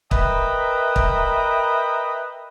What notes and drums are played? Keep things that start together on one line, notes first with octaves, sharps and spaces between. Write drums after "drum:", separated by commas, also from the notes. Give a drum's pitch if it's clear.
A#4 B4 D#5 E5 G5 A#5, drum: kick
drum: kick